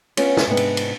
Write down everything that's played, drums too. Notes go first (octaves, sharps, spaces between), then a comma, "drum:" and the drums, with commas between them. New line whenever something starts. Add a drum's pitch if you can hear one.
B3 C#4 F4, drum: cymbal
drum: snare
G#2 C3 B3 D4
drum: cymbal
drum: cymbal